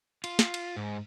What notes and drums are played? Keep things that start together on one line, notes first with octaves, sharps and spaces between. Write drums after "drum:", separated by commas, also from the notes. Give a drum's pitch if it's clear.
F4, drum: cymbal
drum: snare
drum: cymbal
G#2